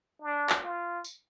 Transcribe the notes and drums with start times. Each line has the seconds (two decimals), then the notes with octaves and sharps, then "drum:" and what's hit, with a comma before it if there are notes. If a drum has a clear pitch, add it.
0.22 D4
0.50 drum: clap
0.64 F4
1.04 drum: tambourine